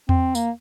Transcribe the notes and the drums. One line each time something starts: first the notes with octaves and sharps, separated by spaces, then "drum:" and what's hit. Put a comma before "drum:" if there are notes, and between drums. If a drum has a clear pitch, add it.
C4, drum: tom E2
A#3, drum: tambourine